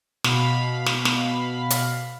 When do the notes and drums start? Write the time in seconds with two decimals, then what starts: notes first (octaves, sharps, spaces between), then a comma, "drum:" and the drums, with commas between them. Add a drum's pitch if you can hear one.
0.24 B2 F5 B5, drum: snare
0.86 drum: snare
1.05 drum: snare
1.70 drum: hi-hat